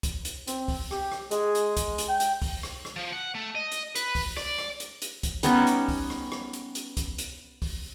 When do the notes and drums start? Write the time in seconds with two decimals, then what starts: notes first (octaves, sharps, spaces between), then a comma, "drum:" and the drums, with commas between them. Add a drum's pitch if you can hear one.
0.03 drum: kick, hi-hat
0.25 drum: hi-hat
0.47 C4, drum: hi-hat
0.68 drum: kick, open hi-hat
0.91 G4, drum: rim click
1.12 drum: rim click
1.31 G#3 G#4, drum: hi-hat
1.55 drum: hi-hat
1.77 drum: kick, hi-hat
1.98 drum: hi-hat
2.09 G5
2.20 drum: hi-hat
2.42 drum: kick, open hi-hat
2.63 drum: rim click
2.85 drum: rim click
2.96 F3
3.13 F#5
3.35 A3
3.55 D#5
3.72 drum: hi-hat
3.96 B4, drum: hi-hat
4.15 drum: kick, open hi-hat
4.37 D5, drum: rim click
4.58 drum: rim click
4.80 drum: hi-hat
5.02 drum: hi-hat
5.23 drum: kick, hi-hat
5.43 G3 B3 C#4 D#4, drum: hi-hat
5.67 drum: hi-hat
5.88 drum: kick, open hi-hat
6.10 drum: rim click
6.32 drum: rim click
6.53 drum: hi-hat
6.75 drum: hi-hat
6.97 drum: kick, hi-hat
7.18 drum: hi-hat
7.62 drum: kick, open hi-hat